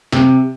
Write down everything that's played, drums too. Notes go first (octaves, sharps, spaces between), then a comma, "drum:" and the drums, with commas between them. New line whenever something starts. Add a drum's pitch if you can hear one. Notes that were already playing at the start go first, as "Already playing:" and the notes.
C3, drum: snare